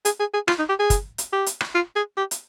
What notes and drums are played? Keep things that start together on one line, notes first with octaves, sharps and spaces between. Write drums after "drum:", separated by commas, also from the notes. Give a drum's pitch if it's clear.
G#4, drum: hi-hat
G#4
G#4
F4, drum: rim click
D#4
G4
G#4
drum: kick, hi-hat
drum: hi-hat
G4
drum: hi-hat
drum: rim click
F4
G#4
G4
drum: hi-hat